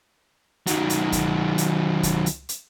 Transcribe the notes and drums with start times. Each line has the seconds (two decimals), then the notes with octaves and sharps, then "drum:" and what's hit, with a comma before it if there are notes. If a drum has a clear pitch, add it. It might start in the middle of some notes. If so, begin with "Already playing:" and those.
0.67 D#3 F#3, drum: hi-hat
0.90 drum: hi-hat
1.12 drum: kick C#2, hi-hat
1.58 drum: hi-hat
2.03 drum: kick C#2, hi-hat
2.26 drum: hi-hat
2.49 drum: hi-hat